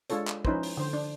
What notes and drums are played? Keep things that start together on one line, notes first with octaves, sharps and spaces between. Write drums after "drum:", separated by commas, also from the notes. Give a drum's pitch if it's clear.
G#3 D4 F4 A4 C#5, drum: hi-hat
drum: clap
F3 C#4 D#4 E4 B4 C5, drum: kick
drum: open hi-hat
D3 C5
D4